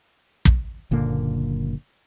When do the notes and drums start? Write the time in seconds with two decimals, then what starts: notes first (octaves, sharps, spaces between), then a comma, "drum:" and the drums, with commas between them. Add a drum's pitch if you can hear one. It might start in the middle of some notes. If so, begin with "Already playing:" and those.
0.45 drum: kick
0.91 F#1 A#2 D3 A#3